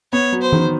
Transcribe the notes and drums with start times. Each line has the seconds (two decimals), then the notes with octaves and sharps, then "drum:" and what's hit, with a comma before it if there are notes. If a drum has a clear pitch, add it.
0.13 B3 C#5
0.33 F#3
0.42 C5
0.52 D#3, drum: tom E3